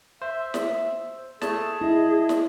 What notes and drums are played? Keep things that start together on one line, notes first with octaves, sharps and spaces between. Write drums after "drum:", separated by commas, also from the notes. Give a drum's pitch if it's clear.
C5 E5
drum: snare
A3 G#4 A5, drum: snare
E4 D#5
drum: snare